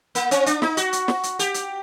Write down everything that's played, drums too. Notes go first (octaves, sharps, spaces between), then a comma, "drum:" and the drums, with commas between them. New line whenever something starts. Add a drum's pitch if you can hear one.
A#3, drum: hi-hat
C4, drum: hi-hat
D4, drum: hi-hat
D#4, drum: snare
F#4, drum: hi-hat
drum: hi-hat
drum: snare
drum: hi-hat
G4, drum: hi-hat
drum: hi-hat